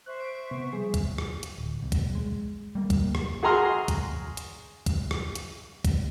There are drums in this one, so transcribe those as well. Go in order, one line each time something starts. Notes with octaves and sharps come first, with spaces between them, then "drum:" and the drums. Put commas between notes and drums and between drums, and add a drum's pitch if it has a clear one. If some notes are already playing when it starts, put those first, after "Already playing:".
C5 E5 C#6 F#6
D7
C3 B3
F3 G3 G#4
drum: kick, hi-hat
drum: rim click
drum: hi-hat
D1
B1
drum: kick, hi-hat
G#3
G3 A#3
drum: kick, hi-hat
drum: rim click
F#4 G#4 G#5 A#5 C6 F6
drum: kick, hi-hat
drum: hi-hat
drum: kick, hi-hat
drum: rim click
drum: hi-hat
drum: kick, hi-hat